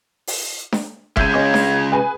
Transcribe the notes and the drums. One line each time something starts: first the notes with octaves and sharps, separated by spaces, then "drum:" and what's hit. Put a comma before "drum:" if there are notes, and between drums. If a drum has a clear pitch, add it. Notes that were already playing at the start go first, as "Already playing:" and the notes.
drum: open hi-hat
drum: snare D4
C#3 G#3 E5 G6 G#6 D#7, drum: kick F#1
C#4 D#5
drum: snare D4
G#4 B4 G#5